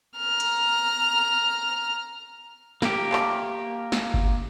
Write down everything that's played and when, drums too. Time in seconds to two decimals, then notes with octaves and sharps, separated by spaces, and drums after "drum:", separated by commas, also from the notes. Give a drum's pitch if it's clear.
0.17 A#5 F6
0.40 drum: hi-hat
2.82 A#3 G4, drum: snare
3.12 drum: clap
3.92 drum: snare
4.14 drum: kick G1